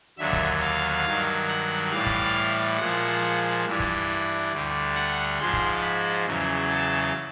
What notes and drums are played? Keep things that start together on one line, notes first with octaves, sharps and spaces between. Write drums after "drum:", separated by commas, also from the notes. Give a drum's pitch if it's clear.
D#2 D3 F#3 E5
drum: kick, hi-hat
F5, drum: hi-hat
drum: hi-hat
G2 D#3 F#3
drum: hi-hat
F#5, drum: hi-hat
drum: hi-hat
A2 E3 G3 F5
drum: kick, hi-hat
drum: hi-hat
A#2 F3 G#3 F#5
drum: hi-hat
drum: hi-hat
G2 E3 G3
drum: kick, hi-hat
drum: hi-hat
drum: hi-hat
D2 D3 G3
F#5, drum: hi-hat
G#2 F3 G#3 C6
drum: kick, hi-hat
B5, drum: hi-hat
drum: hi-hat
E2 C#3 F#3
drum: hi-hat
A5, drum: hi-hat
drum: hi-hat